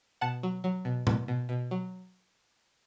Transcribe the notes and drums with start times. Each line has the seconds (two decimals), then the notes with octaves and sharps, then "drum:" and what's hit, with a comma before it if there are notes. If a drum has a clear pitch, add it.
0.21 B2 F#5 A5
0.43 F#3
0.64 F#3
0.85 B2
1.07 B2, drum: tom A2
1.28 B2
1.49 B2
1.71 F#3